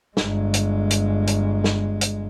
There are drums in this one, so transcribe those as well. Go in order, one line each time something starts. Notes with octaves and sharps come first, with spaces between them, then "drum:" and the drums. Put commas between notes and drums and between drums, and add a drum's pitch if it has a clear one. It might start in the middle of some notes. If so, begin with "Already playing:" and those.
G1 G#3, drum: snare
drum: hi-hat
drum: hi-hat
drum: hi-hat
drum: snare
drum: hi-hat